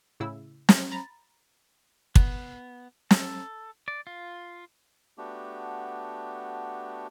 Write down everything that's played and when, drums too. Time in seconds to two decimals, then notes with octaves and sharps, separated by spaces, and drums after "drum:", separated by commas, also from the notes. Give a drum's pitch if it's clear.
0.20 A2 C#3 E4 E6
0.69 drum: snare
0.91 A#5 B5 A6
2.16 B3, drum: kick
3.11 A4, drum: snare
3.88 D5
4.07 F4
5.18 A3 B3 D4 F#4 G4